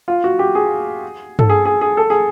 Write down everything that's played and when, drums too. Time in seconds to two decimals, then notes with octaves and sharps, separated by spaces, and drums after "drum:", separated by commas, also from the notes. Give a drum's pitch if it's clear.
0.08 F4
0.24 F#4
0.39 G4
0.55 G#4
1.39 A4, drum: tom G2
1.49 G#4
1.65 G#4
1.81 G#4
1.97 A4
2.10 G#4